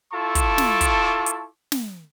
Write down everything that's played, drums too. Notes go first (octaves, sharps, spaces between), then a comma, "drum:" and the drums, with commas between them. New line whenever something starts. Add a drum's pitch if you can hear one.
E4 F4 A4 A5 C#6 D6
drum: kick, hi-hat
drum: snare
drum: kick, hi-hat
drum: hi-hat
drum: snare